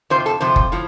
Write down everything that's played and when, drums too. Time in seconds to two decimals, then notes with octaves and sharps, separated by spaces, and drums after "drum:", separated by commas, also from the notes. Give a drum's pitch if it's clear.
0.10 F2 C3 F3 C5
0.26 A4
0.40 F2 C3 F3 C5
0.56 drum: kick F#1
0.72 A2 F3